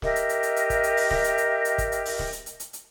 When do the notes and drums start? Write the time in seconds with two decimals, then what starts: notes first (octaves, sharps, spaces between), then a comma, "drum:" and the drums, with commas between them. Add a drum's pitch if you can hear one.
0.02 G4 A#4 D#5 E5, drum: snare
0.16 drum: hi-hat
0.29 drum: hi-hat
0.43 drum: hi-hat
0.56 drum: hi-hat
0.70 drum: kick, hi-hat
0.83 drum: hi-hat
0.97 drum: open hi-hat
1.11 drum: snare
1.24 drum: hi-hat
1.38 drum: hi-hat
1.65 drum: hi-hat
1.78 drum: kick, hi-hat
1.92 drum: hi-hat
2.05 drum: open hi-hat
2.19 drum: snare
2.33 drum: hi-hat
2.46 drum: hi-hat
2.60 drum: hi-hat
2.73 drum: hi-hat